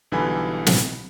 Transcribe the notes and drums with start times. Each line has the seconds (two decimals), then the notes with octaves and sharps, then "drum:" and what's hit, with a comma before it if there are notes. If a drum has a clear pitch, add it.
0.12 B1 D3 E3 G3 G#5 B5
0.66 drum: snare